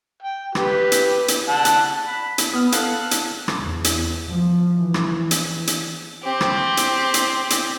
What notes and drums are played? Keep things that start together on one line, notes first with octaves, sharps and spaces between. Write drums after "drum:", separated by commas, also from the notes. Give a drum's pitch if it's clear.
G5
G4 B4, drum: rim click
drum: hi-hat
drum: hi-hat
F#5 A5
drum: hi-hat
B5
drum: hi-hat
B3 D#6 F6
A4 F5 F#5 F#6, drum: hi-hat
drum: hi-hat
drum: rim click
E2
drum: hi-hat
F3
E3
drum: rim click
drum: hi-hat
drum: hi-hat
C4 G4
drum: rim click
drum: hi-hat
drum: hi-hat
drum: hi-hat